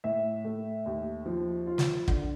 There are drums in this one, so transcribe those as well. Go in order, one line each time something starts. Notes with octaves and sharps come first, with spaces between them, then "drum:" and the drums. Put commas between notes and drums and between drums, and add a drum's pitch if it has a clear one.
A2 E5
A3
D#2
F3
F4
drum: snare
D3, drum: kick